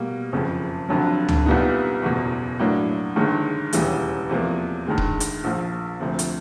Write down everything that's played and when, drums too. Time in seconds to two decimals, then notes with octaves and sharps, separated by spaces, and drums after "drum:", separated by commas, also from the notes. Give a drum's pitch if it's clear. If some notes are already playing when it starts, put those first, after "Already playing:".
Already playing: B2 G3 A#3
0.33 F#1 F2 C#3 F3
0.89 F1 F2 D3 F#3
1.29 drum: tom C#2
1.46 C2 A#2 G3 B3 D#4
2.03 F#1 E2 B2
2.59 A2 F#3 A#3 D4
3.16 G1 G2 D#3 G#3
3.73 E1 D#2 C#3 E3 G3, drum: hi-hat
4.30 E2 C3 F3 A#3
4.86 G2 D#3 G#3
4.98 drum: kick D#1
5.20 drum: hi-hat
5.44 A#1 A#2 F3
6.00 D2 C3 F3
6.19 drum: hi-hat